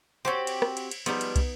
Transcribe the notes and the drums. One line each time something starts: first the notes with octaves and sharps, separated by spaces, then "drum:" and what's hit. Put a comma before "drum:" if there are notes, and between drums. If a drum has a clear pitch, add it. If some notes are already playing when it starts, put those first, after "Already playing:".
C4 F#4 G4 C5 C#5
drum: cymbal
drum: rim click
drum: cymbal
drum: cymbal
F3 G3 G#3 B3 D#4, drum: cymbal
drum: cymbal
drum: kick, cymbal